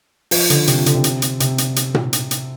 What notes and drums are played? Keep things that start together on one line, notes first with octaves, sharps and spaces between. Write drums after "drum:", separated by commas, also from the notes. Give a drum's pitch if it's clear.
F3, drum: open hi-hat
D3, drum: hi-hat
C3, drum: hi-hat
F3
D3, drum: hi-hat
C3
drum: hi-hat
drum: hi-hat
C3, drum: hi-hat
drum: hi-hat
drum: hi-hat
drum: tom A#2
drum: hi-hat
drum: hi-hat